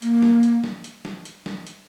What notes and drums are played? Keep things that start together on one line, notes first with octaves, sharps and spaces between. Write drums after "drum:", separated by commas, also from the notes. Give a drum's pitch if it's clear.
A#3, drum: hi-hat
drum: snare
drum: hi-hat
drum: snare
drum: hi-hat
drum: snare
drum: hi-hat
drum: snare
drum: hi-hat